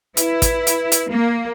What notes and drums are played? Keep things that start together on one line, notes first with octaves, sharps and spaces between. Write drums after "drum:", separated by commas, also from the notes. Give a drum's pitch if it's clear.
E4 B4, drum: hi-hat
drum: kick, hi-hat
drum: hi-hat
drum: hi-hat
A#3